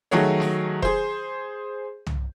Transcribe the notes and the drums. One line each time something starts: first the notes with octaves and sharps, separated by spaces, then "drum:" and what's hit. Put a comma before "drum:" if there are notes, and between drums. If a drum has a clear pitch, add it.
D#3 F#3 A3 F#4 G#4 C#5
drum: snare
G#4 C5, drum: kick E1
drum: tom C2